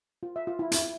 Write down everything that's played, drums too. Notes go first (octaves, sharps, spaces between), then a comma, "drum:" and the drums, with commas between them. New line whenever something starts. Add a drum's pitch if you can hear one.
F4
E5
F4
E4
E4, drum: hi-hat